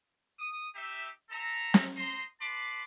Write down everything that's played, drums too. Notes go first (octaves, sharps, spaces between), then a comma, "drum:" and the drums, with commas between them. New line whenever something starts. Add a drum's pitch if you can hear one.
D#6
D#4 G4 E5
C4 A4 E5 A#5
drum: snare
C5 D#5 A#5 C6
B4 A5 B5 C6 D6